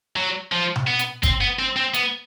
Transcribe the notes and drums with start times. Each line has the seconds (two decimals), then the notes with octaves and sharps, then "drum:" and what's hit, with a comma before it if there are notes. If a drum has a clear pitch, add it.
0.16 F#3
0.52 F3
0.76 drum: tom B2
0.87 B3
0.99 drum: hi-hat
1.23 C4, drum: kick, hi-hat
1.41 B3
1.59 C4
1.77 C4
1.94 B3, drum: hi-hat